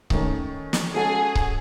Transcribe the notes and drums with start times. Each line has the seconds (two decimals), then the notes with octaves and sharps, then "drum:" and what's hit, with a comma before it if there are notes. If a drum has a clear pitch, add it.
0.10 D#3 A3 C#4, drum: kick C#1
0.73 drum: snare
0.93 G#3 C#4 F#4 G#4 A4
1.35 drum: kick C#1